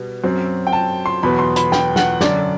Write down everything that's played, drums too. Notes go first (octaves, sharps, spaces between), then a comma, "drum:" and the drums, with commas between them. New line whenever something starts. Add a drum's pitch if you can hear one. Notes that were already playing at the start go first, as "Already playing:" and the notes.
Already playing: B2 G3 B3
F#2 F#3 C4
G5
A5
C6
E2 B2 F#3 B3 B5
C6
B5, drum: hi-hat
G5, drum: snare
F#5, drum: snare
F#2 D3 F#3 D5, drum: snare